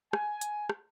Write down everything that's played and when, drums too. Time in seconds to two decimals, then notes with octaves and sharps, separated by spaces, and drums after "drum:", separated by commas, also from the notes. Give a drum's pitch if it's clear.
0.13 G#5, drum: rim click
0.41 drum: hi-hat
0.69 drum: rim click